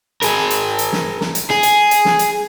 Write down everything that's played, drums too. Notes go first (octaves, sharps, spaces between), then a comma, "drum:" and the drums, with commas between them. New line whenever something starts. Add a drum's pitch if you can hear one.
G#4 A#4, drum: hi-hat
drum: hi-hat
drum: hi-hat
drum: snare
drum: snare
drum: hi-hat
G#4
drum: hi-hat
drum: hi-hat
drum: snare
drum: hi-hat